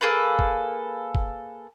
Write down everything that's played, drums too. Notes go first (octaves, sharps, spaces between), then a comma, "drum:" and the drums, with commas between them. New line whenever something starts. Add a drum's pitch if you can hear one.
A#3 G#4 A4 B4
drum: kick
drum: kick